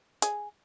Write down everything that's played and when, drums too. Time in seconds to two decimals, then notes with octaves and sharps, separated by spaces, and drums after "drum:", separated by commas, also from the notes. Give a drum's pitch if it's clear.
0.22 G#4, drum: hi-hat